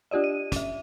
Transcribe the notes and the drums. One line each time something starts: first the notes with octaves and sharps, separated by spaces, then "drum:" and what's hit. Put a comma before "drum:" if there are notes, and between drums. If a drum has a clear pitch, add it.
D4 F4 G4 D5 D#5
D#7
C#4 E5, drum: kick, hi-hat